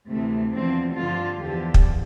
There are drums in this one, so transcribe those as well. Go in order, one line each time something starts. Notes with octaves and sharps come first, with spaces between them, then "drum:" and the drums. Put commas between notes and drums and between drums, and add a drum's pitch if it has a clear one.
D2 C3 E3 A3
E2 D3 F3 C4
G2 D3 F3 F4
E2 D3 F3 G4
drum: kick